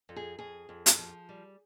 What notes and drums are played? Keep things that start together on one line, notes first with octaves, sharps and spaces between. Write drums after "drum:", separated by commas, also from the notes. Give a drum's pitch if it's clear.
F2
G#4
F2 G#4
F2
drum: hi-hat
F3
G3